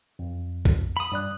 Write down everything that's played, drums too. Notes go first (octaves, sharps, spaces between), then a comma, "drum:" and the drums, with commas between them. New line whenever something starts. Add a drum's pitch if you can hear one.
F2
drum: kick A#1
B5 D#6
G2 D5 D#6 F#6